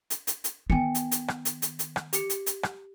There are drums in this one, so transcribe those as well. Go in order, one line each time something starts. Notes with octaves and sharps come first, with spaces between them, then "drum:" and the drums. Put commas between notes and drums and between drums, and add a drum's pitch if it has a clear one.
drum: hi-hat
drum: hi-hat
drum: hi-hat
D#3 B3 G5 G#5 C#7
drum: hi-hat
drum: hi-hat
drum: rim click
drum: hi-hat
drum: hi-hat
drum: hi-hat
drum: rim click
G4 C#7, drum: hi-hat
drum: hi-hat
drum: hi-hat
drum: rim click